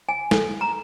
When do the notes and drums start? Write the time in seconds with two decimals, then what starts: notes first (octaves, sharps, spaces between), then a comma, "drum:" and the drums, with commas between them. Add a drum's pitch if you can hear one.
0.09 G#5
0.31 A4, drum: snare
0.61 A#5